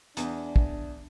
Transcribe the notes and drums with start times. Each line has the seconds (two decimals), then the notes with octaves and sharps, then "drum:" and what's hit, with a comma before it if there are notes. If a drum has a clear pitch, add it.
0.17 E2 D4, drum: hi-hat
0.56 drum: kick